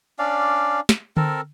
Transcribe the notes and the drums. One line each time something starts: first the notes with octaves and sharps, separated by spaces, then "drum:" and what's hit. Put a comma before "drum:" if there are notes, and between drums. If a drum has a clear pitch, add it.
C#4 D4 D5 F5
drum: snare
C4 A4 A#4, drum: tom D3